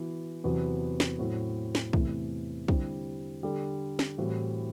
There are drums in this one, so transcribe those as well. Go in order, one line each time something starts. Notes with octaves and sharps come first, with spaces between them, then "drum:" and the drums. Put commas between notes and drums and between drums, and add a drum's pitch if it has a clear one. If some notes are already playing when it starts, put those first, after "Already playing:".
Already playing: E3 B3 F#4
E2 C3 F#3 B3 F#4
drum: snare
A2 F#3 C4 F#4
drum: snare
E2 C3 E3 A3, drum: kick
D3 G3 C4 E4 G4, drum: kick
D3 G3 D4 A4
drum: snare
A2 E3 G3 C4 F#4